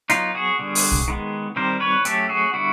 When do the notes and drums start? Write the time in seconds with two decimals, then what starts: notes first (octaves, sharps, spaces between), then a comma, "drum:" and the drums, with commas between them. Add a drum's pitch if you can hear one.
0.10 F#3 B3 D#4 F4, drum: hi-hat
0.35 F#4 G#4
0.59 D3 G3 B3
0.75 drum: open hi-hat
0.91 drum: kick
1.08 D#3 G#3 B3
1.56 D#3 G3 C4 A#4 C5
1.80 B4 C#5
2.05 F#3 A3 C#4 G4 A4, drum: hi-hat
2.29 F#4 G#4
2.53 D3 G3 B3 E4 F#4